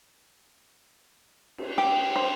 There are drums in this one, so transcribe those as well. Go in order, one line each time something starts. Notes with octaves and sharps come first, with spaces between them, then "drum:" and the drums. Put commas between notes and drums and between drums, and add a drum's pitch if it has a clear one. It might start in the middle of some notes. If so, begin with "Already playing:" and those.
drum: cymbal
G4
C5